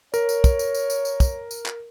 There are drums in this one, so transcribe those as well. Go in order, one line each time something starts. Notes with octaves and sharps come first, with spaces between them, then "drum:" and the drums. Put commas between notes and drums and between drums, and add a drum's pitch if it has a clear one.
A#4 C#5, drum: tambourine
drum: tambourine
drum: kick, tambourine
drum: tambourine
drum: tambourine
drum: tambourine
drum: tambourine
drum: kick, tambourine
drum: tambourine
drum: clap